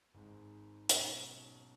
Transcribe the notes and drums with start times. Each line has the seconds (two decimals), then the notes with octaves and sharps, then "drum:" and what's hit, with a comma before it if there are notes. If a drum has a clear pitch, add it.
0.14 G#1 G#2 G#3
0.89 B1 B2 G#3 C#4, drum: hi-hat